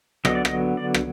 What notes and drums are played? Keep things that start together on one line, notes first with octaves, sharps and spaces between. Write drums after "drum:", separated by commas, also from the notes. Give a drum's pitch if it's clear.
D3 F#3 B3 D#5, drum: rim click
D5
D#5, drum: rim click
D5
drum: rim click